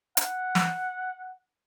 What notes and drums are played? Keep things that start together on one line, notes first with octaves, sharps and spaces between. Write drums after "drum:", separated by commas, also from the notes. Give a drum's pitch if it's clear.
F#5, drum: hi-hat
drum: snare